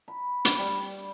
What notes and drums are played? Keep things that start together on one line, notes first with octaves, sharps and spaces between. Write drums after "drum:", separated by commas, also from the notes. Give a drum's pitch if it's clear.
B5
drum: hi-hat
G3